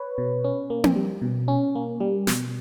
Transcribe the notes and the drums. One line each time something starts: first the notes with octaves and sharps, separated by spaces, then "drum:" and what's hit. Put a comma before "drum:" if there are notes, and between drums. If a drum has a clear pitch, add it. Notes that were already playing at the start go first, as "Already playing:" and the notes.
Already playing: B4 C#5
B2
C#4
A#3
drum: tom C4
G3
B2
C#4
A#3
G3
B2, drum: snare